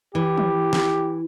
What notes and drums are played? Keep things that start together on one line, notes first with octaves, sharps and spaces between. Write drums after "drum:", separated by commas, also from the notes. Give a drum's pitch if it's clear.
E3 G4
drum: tom
drum: snare